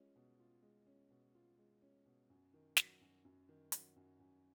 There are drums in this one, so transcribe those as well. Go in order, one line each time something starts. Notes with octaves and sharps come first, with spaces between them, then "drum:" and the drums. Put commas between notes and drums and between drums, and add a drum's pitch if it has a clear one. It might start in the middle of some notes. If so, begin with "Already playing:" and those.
Already playing: G#3 C#4 F4
B2
F4
G#3
C#4
B2
F4
G#3
C#4
B2
F#2
D#3
F#3, drum: snare
F#2
F#2
D#3
F#3, drum: hi-hat
F#2
F#2